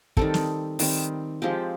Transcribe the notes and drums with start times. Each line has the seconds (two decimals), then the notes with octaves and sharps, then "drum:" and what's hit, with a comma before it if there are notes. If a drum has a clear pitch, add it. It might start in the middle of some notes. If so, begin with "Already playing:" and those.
0.17 D#3 G3 C4 A4, drum: kick
0.34 drum: snare
0.79 D#3 G3 C4, drum: open hi-hat
1.42 F3 G#3 C4 G4